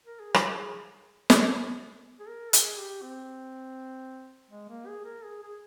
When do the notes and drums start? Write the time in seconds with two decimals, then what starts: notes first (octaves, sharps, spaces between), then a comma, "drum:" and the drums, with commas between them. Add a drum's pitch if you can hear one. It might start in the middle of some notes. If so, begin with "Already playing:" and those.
0.06 A#4
0.20 G#4
0.34 G4, drum: rim click
0.47 G#4
1.30 drum: snare
2.20 G#4
2.28 A#4
2.53 G#4, drum: hi-hat
2.78 G4
3.02 C4
4.50 G#3
4.69 A#3
4.87 G#4
5.05 A#4
5.24 G#4
5.43 G#4